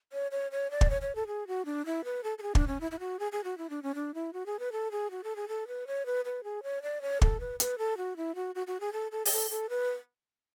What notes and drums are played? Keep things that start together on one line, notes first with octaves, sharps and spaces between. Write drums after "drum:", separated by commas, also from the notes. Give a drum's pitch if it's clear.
C#5
C#5
C#5
D5
drum: kick
C#5
C#5
A4
G#4
F#4
D4
E4
B4
A4
A4
G#4
D4, drum: kick
C#4
E4
E4
F#4
G#4
G#4
F#4
E4
D4
C#4
D4
E4
F#4
G#4
B4
A4
G#4
F#4
A4
G#4
A4
B4
C#5
B4
B4
G#4
C#5
D5
C#5
A4, drum: kick
B4
B4, drum: hi-hat
A4
F#4
E4
F#4
F#4
F#4
G#4
A4
A4
G#4, drum: open hi-hat
A4
A4
B4